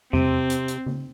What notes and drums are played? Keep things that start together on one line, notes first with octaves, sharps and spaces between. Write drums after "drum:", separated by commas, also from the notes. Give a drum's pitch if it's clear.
C3 C4, drum: tom E2
drum: hi-hat
drum: hi-hat
drum: tom C#3